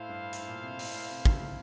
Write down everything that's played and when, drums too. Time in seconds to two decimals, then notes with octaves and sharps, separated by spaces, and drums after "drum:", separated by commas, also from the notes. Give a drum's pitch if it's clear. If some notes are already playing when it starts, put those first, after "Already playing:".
Already playing: A2 E4 A4 C5 F5
0.09 G2
0.33 A2, drum: hi-hat
0.48 A#2
0.63 C3
0.79 A2, drum: open hi-hat
0.94 A2
1.10 C3
1.25 D3, drum: kick